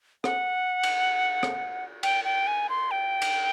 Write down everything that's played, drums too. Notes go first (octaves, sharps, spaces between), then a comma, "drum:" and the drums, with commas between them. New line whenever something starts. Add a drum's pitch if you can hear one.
F#5, drum: rim click
drum: cymbal
drum: rim click
G5, drum: cymbal
G5
G#5
C6
G5
drum: cymbal